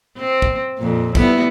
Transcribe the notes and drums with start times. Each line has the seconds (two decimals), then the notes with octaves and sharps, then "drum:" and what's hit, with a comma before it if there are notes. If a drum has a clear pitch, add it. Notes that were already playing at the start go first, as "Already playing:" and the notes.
0.18 C4
0.42 drum: kick
0.78 F2 A#2
1.15 G3 B3 E4, drum: kick, tambourine